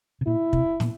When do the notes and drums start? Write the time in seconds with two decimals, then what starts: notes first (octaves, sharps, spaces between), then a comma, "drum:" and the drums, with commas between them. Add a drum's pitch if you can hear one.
0.21 C3
0.27 A#2 E4
0.53 C3, drum: kick
0.80 A#2, drum: snare